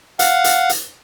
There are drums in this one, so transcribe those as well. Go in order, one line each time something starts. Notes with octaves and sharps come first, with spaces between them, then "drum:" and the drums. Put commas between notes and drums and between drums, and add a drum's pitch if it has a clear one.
F5 F#5, drum: hi-hat
drum: hi-hat
drum: hi-hat